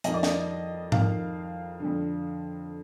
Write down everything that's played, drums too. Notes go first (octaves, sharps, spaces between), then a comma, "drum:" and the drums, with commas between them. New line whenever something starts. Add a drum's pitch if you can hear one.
F2 D#3 D#5, drum: hi-hat
D5
D#5, drum: snare
F2 D#3 F5, drum: tom G#2
F2 D3